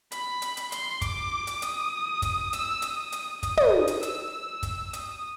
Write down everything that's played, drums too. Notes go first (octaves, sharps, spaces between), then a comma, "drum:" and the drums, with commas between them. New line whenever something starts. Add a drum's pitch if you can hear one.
B5, drum: hi-hat
drum: hi-hat
drum: hi-hat
C6, drum: hi-hat
D6, drum: kick, hi-hat
drum: hi-hat
D#6, drum: hi-hat
drum: kick, hi-hat
E6, drum: hi-hat
D#6, drum: hi-hat
drum: hi-hat
D#6, drum: kick, hi-hat
drum: tom
drum: hi-hat
E6, drum: hi-hat
drum: kick, hi-hat
D#6, drum: hi-hat